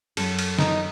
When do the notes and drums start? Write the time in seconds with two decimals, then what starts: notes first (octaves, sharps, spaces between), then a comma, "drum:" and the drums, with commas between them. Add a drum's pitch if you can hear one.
0.17 F#2 A4, drum: cymbal
0.39 drum: cymbal
0.59 D#4, drum: snare